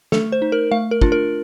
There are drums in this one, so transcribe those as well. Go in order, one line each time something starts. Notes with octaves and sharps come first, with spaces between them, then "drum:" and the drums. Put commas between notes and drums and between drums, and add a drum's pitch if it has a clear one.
A3 A4, drum: snare
C5
D#4
A#4
A3 F5
A#4
D4 F4, drum: kick
A#4